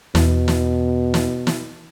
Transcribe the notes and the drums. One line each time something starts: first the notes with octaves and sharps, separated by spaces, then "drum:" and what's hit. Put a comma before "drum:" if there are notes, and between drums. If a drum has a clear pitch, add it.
E2 B2, drum: snare
drum: snare
drum: snare
drum: snare